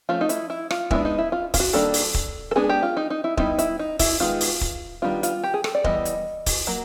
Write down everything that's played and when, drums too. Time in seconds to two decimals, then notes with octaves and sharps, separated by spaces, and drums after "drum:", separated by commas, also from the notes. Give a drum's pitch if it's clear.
0.09 F3 A3 C#4 F4
0.21 D#4
0.29 E4, drum: hi-hat
0.50 E4
0.71 F4, drum: rim click
0.91 G#3 B3 D4 E4, drum: kick
1.05 D#4
1.18 E4
1.32 F4
1.54 F4, drum: kick, open hi-hat
1.60 F#4
1.73 D#3 G3 A#3 D4 A4
1.94 drum: open hi-hat
2.14 drum: kick
2.51 A4
2.56 G#3 B3 D4 G#4
2.69 G4
2.83 F4
2.97 D#4
3.10 D#4
3.24 E4
3.37 G3 B3 D#4 E4, drum: kick
3.59 E4, drum: hi-hat
3.79 D#4
3.99 E4, drum: kick, open hi-hat
4.20 D#3 G#3 B3 D#4 F4
4.41 drum: open hi-hat
4.61 drum: kick
5.02 D#3 G3 B3 D4 F4
5.23 F4, drum: hi-hat
5.44 G4
5.54 G#4
5.64 A4, drum: rim click
5.75 D5
5.84 E3 G3 B3 D#5, drum: kick
6.05 drum: hi-hat
6.46 drum: kick, open hi-hat
6.67 F#3 A#3